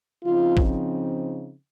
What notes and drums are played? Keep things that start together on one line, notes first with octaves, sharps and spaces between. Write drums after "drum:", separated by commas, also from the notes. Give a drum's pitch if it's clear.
C#3 F3 C4 D#4 F4
drum: kick A1